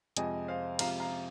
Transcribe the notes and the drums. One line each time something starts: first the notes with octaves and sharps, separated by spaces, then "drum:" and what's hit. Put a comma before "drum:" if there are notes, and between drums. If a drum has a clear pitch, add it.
F2 C3 G#3 D#5 G#5, drum: hi-hat
C5 F5
F2 C3 G#3 F5 A#5, drum: cymbal
F5 A#5